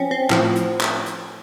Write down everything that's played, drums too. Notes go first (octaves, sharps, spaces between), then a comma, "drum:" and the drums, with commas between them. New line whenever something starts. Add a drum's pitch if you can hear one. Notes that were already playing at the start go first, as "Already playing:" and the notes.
Already playing: F3 C4 C#4
C4
A2 F3, drum: clap
drum: hi-hat
drum: clap
drum: hi-hat